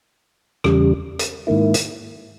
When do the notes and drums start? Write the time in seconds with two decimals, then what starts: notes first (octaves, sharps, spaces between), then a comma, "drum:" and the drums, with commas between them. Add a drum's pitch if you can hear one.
0.64 E2 C#3 G3, drum: rim click
1.19 drum: hi-hat
1.47 G#2 D#3 A#3 E4
1.74 drum: hi-hat